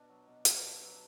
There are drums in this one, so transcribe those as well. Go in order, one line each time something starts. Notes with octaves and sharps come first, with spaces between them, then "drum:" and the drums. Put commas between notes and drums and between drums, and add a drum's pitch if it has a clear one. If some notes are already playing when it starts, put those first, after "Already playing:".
Already playing: B2 D4
F#3
B2
B2, drum: hi-hat
D4
F#3